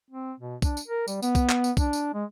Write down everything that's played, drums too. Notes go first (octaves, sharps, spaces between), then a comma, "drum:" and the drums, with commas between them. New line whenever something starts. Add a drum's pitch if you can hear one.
C4
B2
D4, drum: kick B1, tambourine
drum: tambourine
A#4
G3, drum: tambourine
B3, drum: tambourine
drum: kick B1, tambourine
drum: clap
drum: tambourine
D4, drum: kick B1, tambourine
drum: tambourine
G#3